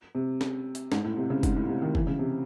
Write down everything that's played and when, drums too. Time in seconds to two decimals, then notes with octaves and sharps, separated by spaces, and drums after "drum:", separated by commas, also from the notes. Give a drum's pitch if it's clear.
0.15 C3
0.41 drum: snare
0.75 drum: hi-hat
0.92 G#2, drum: snare
1.04 A2
1.17 C3
1.30 C#3
1.43 G#2, drum: kick, hi-hat
1.56 A2
1.69 C3
1.82 D#3
1.95 E3, drum: kick
2.07 C#3
2.19 C3